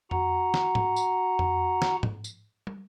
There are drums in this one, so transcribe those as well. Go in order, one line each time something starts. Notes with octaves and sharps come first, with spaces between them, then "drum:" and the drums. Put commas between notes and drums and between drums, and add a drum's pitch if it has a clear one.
F#4 F#5 A#5, drum: tom F2
drum: snare
drum: tom G#2
drum: tambourine
drum: tom F2
drum: snare
drum: tom G#2
drum: tambourine
drum: tom